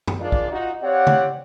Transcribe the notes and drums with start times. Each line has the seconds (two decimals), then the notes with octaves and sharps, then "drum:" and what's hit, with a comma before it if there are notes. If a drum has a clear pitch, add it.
0.08 drum: tom F#2
0.20 D4 D#4 F4 G#4 A#4 D5
0.32 drum: kick
0.51 D#4 F4 F#4
0.82 C4 G4 C#5 D5 F5 F#5
1.07 drum: tom C#3